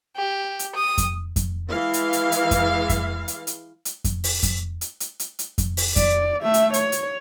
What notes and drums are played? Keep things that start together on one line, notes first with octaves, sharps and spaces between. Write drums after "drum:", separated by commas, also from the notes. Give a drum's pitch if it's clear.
G4
drum: hi-hat
D#6
drum: kick F2, hi-hat
drum: kick F2, hi-hat
E3 G#3 F5
drum: hi-hat
drum: hi-hat
drum: hi-hat
drum: kick F2, hi-hat
drum: kick F2, hi-hat
drum: hi-hat
drum: hi-hat
drum: hi-hat
drum: kick F2, hi-hat
drum: open hi-hat
drum: kick F2, hi-hat
drum: hi-hat
drum: hi-hat
drum: hi-hat
drum: hi-hat
drum: kick F2, hi-hat
drum: open hi-hat
D5, drum: kick F2, hi-hat
A3 E5
drum: hi-hat
C#5, drum: hi-hat
drum: hi-hat